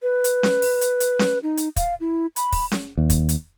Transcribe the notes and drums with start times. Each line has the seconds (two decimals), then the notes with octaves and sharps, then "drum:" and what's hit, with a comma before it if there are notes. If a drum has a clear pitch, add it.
0.02 B4
0.24 drum: hi-hat
0.43 drum: snare C#4
0.62 drum: open hi-hat
0.81 drum: hi-hat
1.00 drum: hi-hat
1.19 drum: snare C#4
1.43 D#4
1.57 drum: hi-hat
1.76 F5, drum: kick, hi-hat
2.00 E4
2.36 B5, drum: hi-hat
2.53 drum: kick, open hi-hat
2.72 drum: snare C#4
2.97 D#2
3.10 drum: kick, hi-hat
3.29 drum: hi-hat